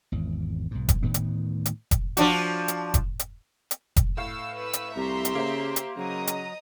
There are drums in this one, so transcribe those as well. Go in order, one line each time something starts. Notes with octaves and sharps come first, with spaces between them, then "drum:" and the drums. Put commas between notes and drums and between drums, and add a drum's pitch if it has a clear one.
G#1 E2
B1 G#2
drum: kick F1, hi-hat
D2 A2 D#3 B3
drum: hi-hat
drum: hi-hat
drum: kick F1, hi-hat
F3 D4 F#4, drum: hi-hat
drum: hi-hat
drum: kick F1, hi-hat
drum: hi-hat
drum: hi-hat
drum: kick F1, hi-hat
A2 F5 E6
B4 E6
drum: hi-hat
C2 G4 E5 A#5 C6
drum: hi-hat
C#3 A#3 C5
drum: hi-hat
C#3 F#3 D#5 A#5 D#6
drum: hi-hat